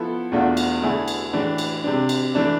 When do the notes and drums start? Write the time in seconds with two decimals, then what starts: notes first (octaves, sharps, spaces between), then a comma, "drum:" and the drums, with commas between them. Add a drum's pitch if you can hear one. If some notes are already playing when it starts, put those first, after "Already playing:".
Already playing: F3 B3 E4 A4
0.32 E2 B2 A3 D4 F4
0.57 drum: cymbal
0.82 D3 A3 E4 G#4
1.08 drum: cymbal
1.33 A2 E3 G#3 D4
1.58 drum: cymbal
1.84 C3 G#3 D4
2.09 drum: cymbal
2.35 E3 A3 D4